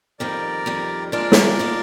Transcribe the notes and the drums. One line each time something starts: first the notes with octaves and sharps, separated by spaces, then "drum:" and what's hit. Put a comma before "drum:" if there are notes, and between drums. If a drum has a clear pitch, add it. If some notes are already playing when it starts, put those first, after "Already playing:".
F2 D#3 G3 A#4 D5
F2 D#3 G3
A#2 G#3 D4 F4 A#4 D5
drum: snare
A#2 G#3 D4 F4